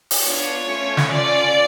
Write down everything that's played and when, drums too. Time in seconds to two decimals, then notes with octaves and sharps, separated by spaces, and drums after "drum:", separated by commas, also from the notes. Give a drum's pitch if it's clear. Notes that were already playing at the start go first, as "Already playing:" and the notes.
0.11 drum: open hi-hat
0.23 B3 D4 F4 C#5
0.67 A3 C#4 F4 A4
0.97 drum: snare
1.10 C#4 F4 A4 D5